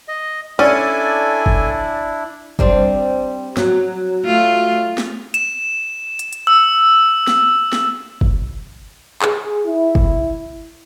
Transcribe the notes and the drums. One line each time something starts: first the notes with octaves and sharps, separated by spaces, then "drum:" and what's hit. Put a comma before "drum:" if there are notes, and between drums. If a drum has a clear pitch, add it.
D#5
C#4 D4 E4 A4 D5 G#5
drum: kick
G3 C4 D4, drum: kick
F#3, drum: snare
A3 F4
drum: snare
E7, drum: hi-hat
drum: hi-hat
drum: hi-hat
E6
drum: snare
drum: snare
drum: kick
G#4, drum: clap
E4
drum: kick